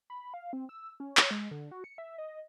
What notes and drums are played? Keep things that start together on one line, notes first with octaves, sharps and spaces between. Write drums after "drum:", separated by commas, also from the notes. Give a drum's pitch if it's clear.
B5
F5
C4
E6
C#4
C#5, drum: clap
G#3
D3
F#4
C#7
E5
D#5